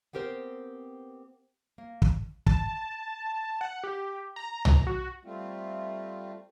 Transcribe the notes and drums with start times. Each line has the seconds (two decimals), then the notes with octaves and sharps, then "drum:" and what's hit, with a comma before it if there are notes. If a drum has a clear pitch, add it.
0.13 B3 C4 G4 A#4 C5
1.78 A#3
2.02 drum: kick
2.46 A5, drum: kick
3.61 F#5
3.83 G4
4.36 A#5
4.65 drum: tom C2
4.87 F#4
5.25 G3 A3 C4 F4